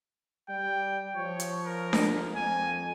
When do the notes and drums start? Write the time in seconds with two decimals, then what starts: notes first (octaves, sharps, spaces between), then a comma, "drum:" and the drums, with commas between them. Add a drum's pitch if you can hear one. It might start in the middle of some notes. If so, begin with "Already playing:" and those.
0.49 G3 G5
1.16 F3 C#5
1.40 drum: hi-hat
1.66 A#4
1.93 drum: snare D4
2.36 F2 G#5